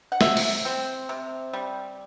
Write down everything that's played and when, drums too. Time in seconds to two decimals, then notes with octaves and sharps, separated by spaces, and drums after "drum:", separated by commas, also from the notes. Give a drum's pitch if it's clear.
0.12 F#5
0.21 C3 E5, drum: snare
0.37 drum: open hi-hat
0.65 C4
1.09 C3
1.53 G3